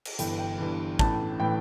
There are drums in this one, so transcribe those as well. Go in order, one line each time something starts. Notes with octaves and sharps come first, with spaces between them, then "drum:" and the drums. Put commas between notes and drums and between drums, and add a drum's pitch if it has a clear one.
drum: cymbal
G1 G2 E3 G5, drum: hi-hat
G5
G1 G2 E3
A1 A2 E3 A5, drum: kick
A2 E3 G5